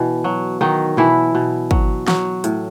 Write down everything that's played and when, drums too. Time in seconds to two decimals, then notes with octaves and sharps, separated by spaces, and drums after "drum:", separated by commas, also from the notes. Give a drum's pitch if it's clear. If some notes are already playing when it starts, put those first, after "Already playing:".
Already playing: B2 E3
0.24 F#3
0.61 D#3 F#3 D#4
0.97 B2 E3 E4
1.35 B2
1.71 F#3, drum: kick
2.08 F#3, drum: snare
2.44 A2, drum: hi-hat